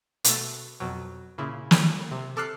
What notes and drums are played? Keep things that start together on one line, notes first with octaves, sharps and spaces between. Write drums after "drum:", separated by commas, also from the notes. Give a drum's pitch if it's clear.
B2 A3, drum: hi-hat
F2 B2 F#3
A#2 C#3 E4
drum: snare
C3
C3 A4 D6 F6 F#6 C7